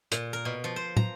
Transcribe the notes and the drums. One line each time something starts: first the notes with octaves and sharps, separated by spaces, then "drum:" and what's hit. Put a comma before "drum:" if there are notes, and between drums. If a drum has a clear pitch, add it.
A#2, drum: hi-hat
A#4
B2
F3
C5
A#5, drum: tom